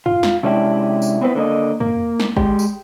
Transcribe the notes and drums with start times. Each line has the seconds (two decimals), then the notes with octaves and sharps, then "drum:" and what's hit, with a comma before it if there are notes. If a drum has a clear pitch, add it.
0.06 F4, drum: tom
0.23 drum: snare
0.43 C3 G#3 C#4 D4 E4 G4
1.02 drum: tambourine
1.21 B3 C4 E4 B4
1.35 D3 A#3 D#5
1.80 A#3, drum: tom
2.20 drum: snare
2.37 G#3 G4, drum: kick
2.59 drum: tambourine